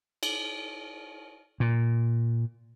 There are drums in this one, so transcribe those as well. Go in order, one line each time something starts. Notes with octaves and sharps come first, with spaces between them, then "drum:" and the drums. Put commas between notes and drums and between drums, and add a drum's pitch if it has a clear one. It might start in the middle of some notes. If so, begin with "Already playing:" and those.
drum: cymbal
A#2